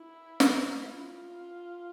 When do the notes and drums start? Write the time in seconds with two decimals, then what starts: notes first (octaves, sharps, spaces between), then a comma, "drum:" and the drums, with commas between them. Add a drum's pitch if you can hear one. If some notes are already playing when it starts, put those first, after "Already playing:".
Already playing: E4
0.40 drum: snare
0.91 F4